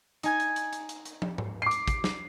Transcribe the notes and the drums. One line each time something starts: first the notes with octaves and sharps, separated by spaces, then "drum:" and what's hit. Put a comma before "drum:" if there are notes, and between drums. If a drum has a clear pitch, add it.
D#4 G#5 G#6, drum: hi-hat
drum: hi-hat
drum: hi-hat
drum: hi-hat
drum: hi-hat
drum: hi-hat
drum: tom
drum: tom G#2
D6 C7
drum: hi-hat
drum: kick, hi-hat
drum: snare